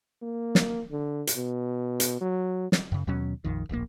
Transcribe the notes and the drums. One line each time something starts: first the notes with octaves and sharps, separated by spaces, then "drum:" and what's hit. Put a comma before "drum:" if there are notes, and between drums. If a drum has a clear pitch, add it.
A#3
drum: snare
D3
drum: hi-hat
B2
drum: hi-hat
F#3
drum: snare
F#2 C#3
D#2 B2 F#3 C#4
A#1 F2 D#3
D1 A#1 B2 A#3